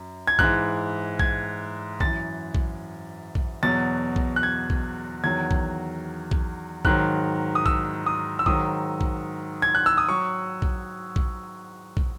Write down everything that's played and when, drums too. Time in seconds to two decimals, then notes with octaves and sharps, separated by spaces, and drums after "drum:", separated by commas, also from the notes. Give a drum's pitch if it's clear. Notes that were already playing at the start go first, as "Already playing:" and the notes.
Already playing: F#2
0.27 G#6
0.39 G#2 E3 F#6, drum: kick
1.19 G#6, drum: kick
2.00 F#2 E3 A6, drum: kick
2.55 drum: kick
3.35 drum: kick
3.63 E2 B2 F#3 A6
4.16 drum: kick
4.36 F#6
4.43 G#6
4.70 drum: kick
5.24 E2 D#3 F#3 G#6
5.51 drum: kick
6.31 drum: kick
6.85 G#2 D#3 F#3 F#6, drum: kick
7.55 D#6
7.66 E6, drum: kick
8.06 D#6
8.39 E6
8.46 G#2 D#3 F#3 D#6, drum: kick
9.01 drum: kick
9.62 G#6
9.75 F#6
9.86 E6
9.97 D#6
10.09 F#3 C#6
10.62 drum: kick
11.16 drum: kick
11.97 drum: kick